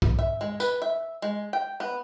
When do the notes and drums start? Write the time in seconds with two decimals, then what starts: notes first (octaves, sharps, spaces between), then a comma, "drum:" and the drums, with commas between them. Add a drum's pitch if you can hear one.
0.02 drum: kick
0.19 E5
0.41 G#3
0.60 B4, drum: tambourine
0.82 E5
1.22 G#3
1.53 G5
1.80 B3